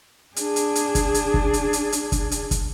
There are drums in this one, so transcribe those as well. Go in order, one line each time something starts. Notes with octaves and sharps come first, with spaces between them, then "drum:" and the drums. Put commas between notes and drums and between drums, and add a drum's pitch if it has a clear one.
D4 G#4, drum: hi-hat
drum: hi-hat
drum: hi-hat
drum: kick, hi-hat
drum: hi-hat
drum: kick
drum: hi-hat
drum: hi-hat
drum: hi-hat
drum: kick, hi-hat
drum: hi-hat
drum: kick, hi-hat